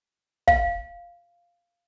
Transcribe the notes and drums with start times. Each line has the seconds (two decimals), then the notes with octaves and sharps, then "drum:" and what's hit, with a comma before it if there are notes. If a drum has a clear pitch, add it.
0.48 F5, drum: kick